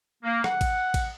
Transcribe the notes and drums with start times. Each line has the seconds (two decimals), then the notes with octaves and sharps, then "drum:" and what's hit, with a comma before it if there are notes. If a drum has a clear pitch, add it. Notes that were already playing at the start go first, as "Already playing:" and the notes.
0.24 A#3
0.44 F#5, drum: rim click
0.61 drum: kick A1, cymbal
0.94 drum: kick A1, cymbal